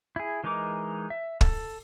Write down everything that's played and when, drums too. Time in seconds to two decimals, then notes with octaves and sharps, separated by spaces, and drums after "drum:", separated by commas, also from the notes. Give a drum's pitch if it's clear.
0.16 E4 G#4
0.44 E3 G#3 D#4 A#4 D6
1.10 E5
1.41 A4, drum: kick